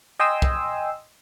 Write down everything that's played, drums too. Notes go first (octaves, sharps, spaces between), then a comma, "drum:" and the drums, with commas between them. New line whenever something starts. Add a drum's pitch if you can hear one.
D#5 G5 G#5 C6 D#6 E6
drum: kick